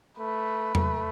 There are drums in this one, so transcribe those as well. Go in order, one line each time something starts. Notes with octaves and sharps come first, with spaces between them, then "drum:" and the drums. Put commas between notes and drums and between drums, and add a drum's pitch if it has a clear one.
A3 B4
A3, drum: tom E2